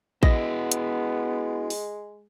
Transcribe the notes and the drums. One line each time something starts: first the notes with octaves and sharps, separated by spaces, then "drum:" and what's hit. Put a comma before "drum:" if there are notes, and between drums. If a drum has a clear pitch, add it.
G#3 B3 E4 F#4 D#5, drum: kick A1
drum: hi-hat
drum: open hi-hat